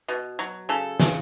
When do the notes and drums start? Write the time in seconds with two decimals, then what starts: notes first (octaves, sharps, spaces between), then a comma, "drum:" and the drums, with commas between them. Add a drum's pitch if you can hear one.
0.08 B2
0.39 F#3
0.69 C#3 A4
1.00 C#3, drum: snare